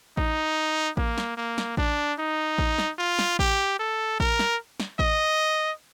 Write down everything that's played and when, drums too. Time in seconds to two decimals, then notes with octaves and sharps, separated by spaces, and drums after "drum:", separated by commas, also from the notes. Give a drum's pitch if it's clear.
0.17 D#4, drum: kick A1
0.97 A#3, drum: kick A1
1.18 drum: snare
1.37 A#3
1.58 drum: snare
1.77 D4, drum: kick A1
2.19 D#4
2.58 drum: kick A1
2.79 drum: snare
2.98 F4
3.19 drum: snare
3.39 G4, drum: kick A1
3.79 A4
4.20 A#4, drum: kick A1
4.39 drum: snare
4.80 drum: snare
4.99 D#5, drum: kick A1